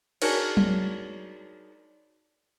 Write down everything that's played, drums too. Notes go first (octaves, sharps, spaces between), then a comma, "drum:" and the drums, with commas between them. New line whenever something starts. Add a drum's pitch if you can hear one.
D4 D#4 F#4 G#4 A#4 C#5, drum: cymbal
drum: tom F#3